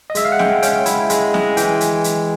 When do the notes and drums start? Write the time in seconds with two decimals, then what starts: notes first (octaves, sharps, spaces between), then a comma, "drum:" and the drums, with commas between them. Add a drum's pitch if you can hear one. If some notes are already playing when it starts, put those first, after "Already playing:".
0.10 D#5
0.15 G#3 E5, drum: hi-hat
0.25 F5
0.32 F#5
0.39 G#3 G5, drum: snare
0.62 C#4 G5, drum: hi-hat
0.86 E4, drum: hi-hat
1.10 G#3, drum: hi-hat
1.34 G#3, drum: snare
1.57 E3 G5, drum: hi-hat
1.81 drum: hi-hat
2.04 drum: hi-hat